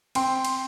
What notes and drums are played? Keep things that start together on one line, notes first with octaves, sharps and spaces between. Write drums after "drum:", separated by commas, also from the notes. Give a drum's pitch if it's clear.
C4 G5 C6, drum: cymbal
drum: cymbal